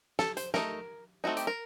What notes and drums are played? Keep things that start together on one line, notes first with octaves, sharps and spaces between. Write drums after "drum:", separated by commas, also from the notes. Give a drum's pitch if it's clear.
A4, drum: snare
C5, drum: hi-hat
A3 D#4 A#4, drum: snare
A3 C4 D#4 F#4
G4, drum: hi-hat
A#4